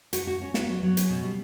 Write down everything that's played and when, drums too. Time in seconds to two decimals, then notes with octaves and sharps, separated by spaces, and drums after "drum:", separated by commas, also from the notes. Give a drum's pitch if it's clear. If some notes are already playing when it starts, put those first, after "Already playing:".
0.13 F#4, drum: hi-hat
0.27 F#4
0.42 C#4
0.54 B3, drum: snare
0.69 F#3
0.83 F#3
0.97 C#4, drum: hi-hat
1.10 B2
1.24 G3